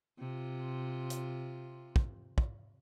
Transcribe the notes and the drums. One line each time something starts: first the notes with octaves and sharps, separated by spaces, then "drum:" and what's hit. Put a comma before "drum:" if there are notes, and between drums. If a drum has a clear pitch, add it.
C3 F4
drum: hi-hat
drum: kick
drum: kick